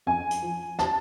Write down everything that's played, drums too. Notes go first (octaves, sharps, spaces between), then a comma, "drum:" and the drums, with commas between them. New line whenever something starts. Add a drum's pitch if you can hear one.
F2 G#5
drum: hi-hat
F3
A5, drum: snare